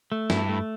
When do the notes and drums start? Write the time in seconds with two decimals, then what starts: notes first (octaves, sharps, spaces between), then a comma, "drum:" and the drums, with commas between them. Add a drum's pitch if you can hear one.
0.12 A3
0.30 G2 E4, drum: snare
0.49 A3